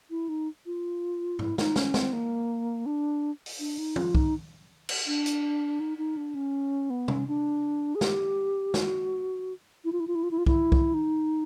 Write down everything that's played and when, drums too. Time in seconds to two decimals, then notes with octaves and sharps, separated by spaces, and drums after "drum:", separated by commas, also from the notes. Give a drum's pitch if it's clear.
0.11 E4
0.29 D#4
0.66 F4
1.39 E4, drum: tom G#2
1.58 D#4, drum: snare
1.76 C#4, drum: snare
1.94 C4, drum: snare
2.13 A#3
2.86 D4
3.46 drum: open hi-hat
3.60 D4
3.78 D#4
3.96 F4, drum: tom
4.15 D#4, drum: kick C2
4.89 drum: cymbal
5.07 D4
5.26 drum: hi-hat
5.80 D#4
5.98 D#4
6.17 D4
6.35 C#4
6.90 B3
7.08 C#4, drum: tom
7.28 D4
7.95 G#4
8.01 G4, drum: snare
8.74 F#4, drum: snare
9.85 E4
9.92 F4
10.00 E4
10.07 F4
10.15 E4
10.23 F4
10.31 E4
10.38 F4
10.46 E4, drum: kick C2
10.72 drum: kick C2
10.94 D#4